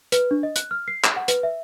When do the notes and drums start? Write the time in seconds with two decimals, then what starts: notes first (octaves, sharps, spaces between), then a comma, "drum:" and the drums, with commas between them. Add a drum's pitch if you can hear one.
0.12 B4, drum: hi-hat
0.31 D4
0.43 D#5
0.56 F#6, drum: hi-hat
0.71 F6
0.88 C7
1.04 E7, drum: clap
1.16 F#5
1.28 B4, drum: hi-hat
1.43 E5